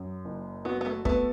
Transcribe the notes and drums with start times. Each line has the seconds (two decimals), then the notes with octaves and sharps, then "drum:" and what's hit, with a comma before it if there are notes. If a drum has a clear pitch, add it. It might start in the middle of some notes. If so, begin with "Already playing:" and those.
Already playing: F#2
0.25 F#1
0.65 B3 F#4
0.81 B3
0.86 A3
1.05 A3 B3, drum: kick